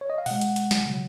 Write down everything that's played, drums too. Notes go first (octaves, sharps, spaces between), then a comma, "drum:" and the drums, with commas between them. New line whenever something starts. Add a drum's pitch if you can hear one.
C#5
D#5
F5
B2 G#3 F#5, drum: open hi-hat
drum: hi-hat
drum: hi-hat
drum: snare
C#3 F#3